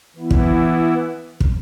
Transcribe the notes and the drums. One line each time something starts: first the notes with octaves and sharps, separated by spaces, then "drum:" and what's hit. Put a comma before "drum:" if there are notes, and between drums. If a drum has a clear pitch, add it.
E3 B3 E4
drum: kick
drum: kick